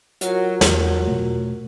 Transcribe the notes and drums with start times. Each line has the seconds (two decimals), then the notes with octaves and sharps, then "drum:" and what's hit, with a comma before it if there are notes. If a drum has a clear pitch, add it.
0.21 F#3 F4 F#4 A#4, drum: hi-hat
0.61 E2 F#3, drum: snare
1.07 B2 A3